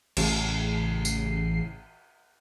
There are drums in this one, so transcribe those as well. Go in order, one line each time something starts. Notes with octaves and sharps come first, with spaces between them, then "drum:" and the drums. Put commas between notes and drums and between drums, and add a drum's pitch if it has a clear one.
A1 C#3 C7, drum: cymbal
drum: tambourine